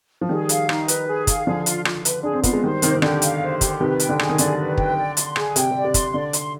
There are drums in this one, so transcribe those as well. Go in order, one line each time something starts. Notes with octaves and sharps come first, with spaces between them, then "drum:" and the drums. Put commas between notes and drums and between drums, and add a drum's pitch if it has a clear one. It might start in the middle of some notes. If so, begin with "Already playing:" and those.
F3
D#3 G3 G#4
F5, drum: hi-hat
D#4, drum: rim click
B4, drum: hi-hat
G#4
F5, drum: kick, hi-hat
D3 F3 G#4
F4, drum: hi-hat
F4, drum: rim click
B4, drum: hi-hat
D4 G#4
C4
B3 F4, drum: kick, hi-hat
G#3
D#3 G3 C5
C3 D#3 G4, drum: hi-hat
D#3
D3 G4, drum: rim click
F5, drum: hi-hat
C5
G4, drum: kick, hi-hat
C3 D#3 B4
G5, drum: hi-hat
D3
G#4, drum: rim click
D#3
D3 D5, drum: hi-hat
B4
G5, drum: kick
D5
C6, drum: hi-hat
G#4, drum: rim click
C3 G5, drum: hi-hat
C3 D5
C3
C6, drum: kick, hi-hat
D3 D5
C6, drum: hi-hat